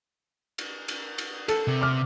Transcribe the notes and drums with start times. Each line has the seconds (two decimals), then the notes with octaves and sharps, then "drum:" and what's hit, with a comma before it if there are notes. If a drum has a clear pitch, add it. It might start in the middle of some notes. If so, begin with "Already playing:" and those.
0.58 drum: cymbal
0.88 drum: cymbal
1.18 drum: cymbal
1.48 A4, drum: cymbal
1.67 C3
1.81 D6 F6